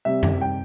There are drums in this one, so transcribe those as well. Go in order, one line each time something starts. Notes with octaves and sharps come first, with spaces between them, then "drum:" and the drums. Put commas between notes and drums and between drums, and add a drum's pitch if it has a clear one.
C3 G3 C4 E5
drum: tom F#2
G5